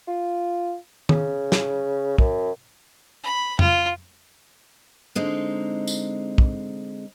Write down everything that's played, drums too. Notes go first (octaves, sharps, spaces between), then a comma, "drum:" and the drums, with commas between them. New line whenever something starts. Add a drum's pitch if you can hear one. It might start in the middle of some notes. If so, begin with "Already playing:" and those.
F4
C#3, drum: tom
drum: snare
F#2, drum: kick
B5
F4, drum: tom F2
D3 G#3 C4 D#4
drum: tambourine
drum: kick